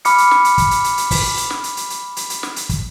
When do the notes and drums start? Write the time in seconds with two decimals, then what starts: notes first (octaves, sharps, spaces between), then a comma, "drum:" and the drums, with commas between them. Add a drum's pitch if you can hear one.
0.05 B5 D6 F6 C#7, drum: hi-hat
0.18 drum: hi-hat
0.31 drum: snare
0.45 drum: hi-hat
0.58 drum: kick, hi-hat
0.71 drum: hi-hat
0.84 drum: hi-hat
0.97 drum: hi-hat
1.11 drum: kick, open hi-hat
1.37 drum: hi-hat
1.50 drum: snare
1.64 drum: hi-hat
1.77 drum: hi-hat
1.90 drum: hi-hat
2.17 drum: hi-hat
2.30 drum: hi-hat
2.43 drum: snare
2.56 drum: hi-hat
2.69 drum: kick, hi-hat